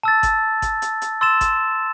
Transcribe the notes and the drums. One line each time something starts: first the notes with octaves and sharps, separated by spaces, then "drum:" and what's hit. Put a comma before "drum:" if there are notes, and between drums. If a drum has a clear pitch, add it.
A5 E6 A6
drum: kick G#1, hi-hat
drum: kick G#1, hi-hat
drum: hi-hat
drum: hi-hat
C6 E6 A6 E7
drum: kick G#1, hi-hat